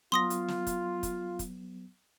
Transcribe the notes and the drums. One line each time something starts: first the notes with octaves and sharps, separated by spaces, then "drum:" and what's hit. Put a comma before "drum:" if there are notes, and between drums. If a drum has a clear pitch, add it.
F#3 B3 F4 C6 D#6 A#6
drum: hi-hat
drum: snare
drum: kick, hi-hat
drum: kick, hi-hat
drum: kick, hi-hat